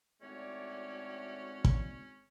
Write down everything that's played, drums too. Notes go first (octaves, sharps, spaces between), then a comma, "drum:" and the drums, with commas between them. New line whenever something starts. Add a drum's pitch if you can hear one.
G#1 A2 A3 C#4 F#4 C#5 D5
drum: kick